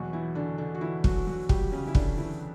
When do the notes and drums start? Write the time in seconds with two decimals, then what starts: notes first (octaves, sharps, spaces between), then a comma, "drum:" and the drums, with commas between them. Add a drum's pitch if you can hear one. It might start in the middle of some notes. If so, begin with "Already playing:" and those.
Already playing: E2 B2 F#3 F#4
0.13 E3 E4
0.35 D3 D4
0.58 D3 D4
0.75 F#4
0.81 E3 E4
1.04 F#3 F#4, drum: kick
1.27 F#3 F#4
1.49 G3 G4, drum: kick
1.72 C#3 C#4
1.87 E4
1.95 D3 D4, drum: kick
2.17 E3 E4